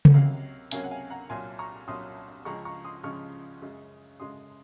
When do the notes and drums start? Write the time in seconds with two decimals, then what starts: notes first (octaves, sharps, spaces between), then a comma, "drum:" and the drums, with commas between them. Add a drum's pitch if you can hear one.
0.05 drum: tom C#3
0.14 C#2 C3 F#3 A#3 C#4 F5
0.71 C#2 C3 F#3 A#3 C#4 F5 G#5, drum: hi-hat
0.84 F#5
0.91 F5 G#5
1.10 F#5 A#5
1.30 C2 A#2 F#3 G#5 C6
1.59 A#5 C#6
1.87 C2 A#2 F#3 C6 D#6
2.45 C#2 C#3 F3 G#3 A#5 C#6
2.65 A#5 C#6
2.84 C6 D#6
3.04 C#2 C#3 F3 G#3 C#6 F6
3.62 F#2 C#3 G#3
4.20 F#2 C#3 G#3 C6 D#6